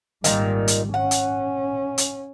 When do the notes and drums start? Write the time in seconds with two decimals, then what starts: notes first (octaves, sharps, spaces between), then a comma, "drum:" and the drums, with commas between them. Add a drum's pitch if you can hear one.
0.24 G#1 A#2 D#3 G3, drum: hi-hat
0.68 drum: hi-hat
0.94 C#4 F#5
1.11 drum: hi-hat
1.98 drum: hi-hat